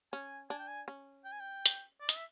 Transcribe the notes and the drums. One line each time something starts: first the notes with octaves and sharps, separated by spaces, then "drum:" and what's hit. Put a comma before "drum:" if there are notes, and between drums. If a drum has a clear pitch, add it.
C#4 G#5
D4 G#5
G5
G#5
C#4
G5
G#5
G5
drum: hi-hat
D5
D#5, drum: hi-hat
E5